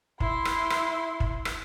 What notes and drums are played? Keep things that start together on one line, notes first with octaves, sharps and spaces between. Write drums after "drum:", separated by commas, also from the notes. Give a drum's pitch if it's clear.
E4 C6, drum: kick
drum: rim click
drum: rim click
drum: kick
drum: rim click